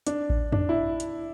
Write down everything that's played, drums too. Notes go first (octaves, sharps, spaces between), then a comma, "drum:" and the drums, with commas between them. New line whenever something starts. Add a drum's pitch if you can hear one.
D4, drum: hi-hat
drum: kick A1
D4, drum: tom
E4
drum: hi-hat